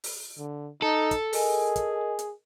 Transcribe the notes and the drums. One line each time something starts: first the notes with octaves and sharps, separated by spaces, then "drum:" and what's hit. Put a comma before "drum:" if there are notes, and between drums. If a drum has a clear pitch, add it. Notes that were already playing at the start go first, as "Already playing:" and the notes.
drum: open hi-hat
D3
D#4 A4
drum: kick, hi-hat
G#4 A#4 D#5 G#5, drum: open hi-hat
drum: kick, hi-hat
drum: hi-hat